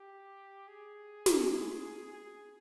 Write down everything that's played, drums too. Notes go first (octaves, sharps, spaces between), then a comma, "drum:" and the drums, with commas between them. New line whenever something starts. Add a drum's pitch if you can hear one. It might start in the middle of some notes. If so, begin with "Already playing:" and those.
Already playing: G4
G#4
drum: snare
G#4